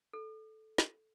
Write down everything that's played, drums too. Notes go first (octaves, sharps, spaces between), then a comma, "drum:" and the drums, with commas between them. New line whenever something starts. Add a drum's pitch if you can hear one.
A4
drum: snare